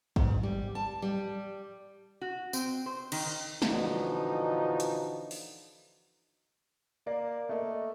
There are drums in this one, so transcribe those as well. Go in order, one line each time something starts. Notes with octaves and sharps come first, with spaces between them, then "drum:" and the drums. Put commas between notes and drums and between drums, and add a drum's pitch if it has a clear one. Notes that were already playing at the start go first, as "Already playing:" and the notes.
G#2, drum: kick
G3
A5
G3
F#4
C4, drum: tambourine
C5
D#3, drum: cymbal
A#1 D3 E3 F3 D#4 F#4, drum: snare
drum: hi-hat
drum: open hi-hat
A#3 D5
A3 A#3 D#5